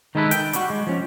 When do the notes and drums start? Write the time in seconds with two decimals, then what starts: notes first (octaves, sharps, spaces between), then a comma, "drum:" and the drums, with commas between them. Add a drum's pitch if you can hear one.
0.15 D#3 G#3 D#4 E4 A4 B4
0.31 G5, drum: hi-hat
0.53 G3 F#4, drum: hi-hat
0.70 G#3
0.87 F3 C#4